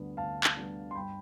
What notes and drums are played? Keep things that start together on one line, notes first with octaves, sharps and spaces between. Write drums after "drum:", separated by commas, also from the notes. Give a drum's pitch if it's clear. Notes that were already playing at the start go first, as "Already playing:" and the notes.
Already playing: D2 D3 G3 B3
D2 F5 A5
drum: clap
D3 G3 B3
C6
G2 G5 B5